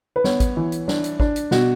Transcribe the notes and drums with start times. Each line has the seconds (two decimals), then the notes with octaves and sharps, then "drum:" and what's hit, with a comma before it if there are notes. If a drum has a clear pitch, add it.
0.16 B4
0.24 B3 C#5, drum: snare
0.40 drum: kick, hi-hat
0.57 E3
0.72 drum: hi-hat
0.88 D4, drum: snare
1.04 drum: hi-hat
1.20 D4, drum: kick
1.36 drum: hi-hat
1.51 B2 F#4, drum: snare